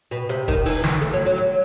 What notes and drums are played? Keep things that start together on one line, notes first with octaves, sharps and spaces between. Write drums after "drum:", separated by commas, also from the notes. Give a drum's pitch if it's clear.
B2
C3, drum: hi-hat
D#3, drum: kick, hi-hat
E3, drum: open hi-hat
drum: snare
A3, drum: hi-hat
F#3
F#3
drum: hi-hat